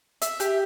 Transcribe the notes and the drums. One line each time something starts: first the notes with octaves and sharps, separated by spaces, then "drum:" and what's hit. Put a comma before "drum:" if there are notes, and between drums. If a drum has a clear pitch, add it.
E5, drum: hi-hat
G4, drum: hi-hat